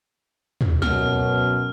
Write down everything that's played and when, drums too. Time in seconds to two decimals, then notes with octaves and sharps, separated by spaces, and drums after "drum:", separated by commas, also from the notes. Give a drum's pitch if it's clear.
0.61 drum: tom
0.82 F#2 B2 F6, drum: snare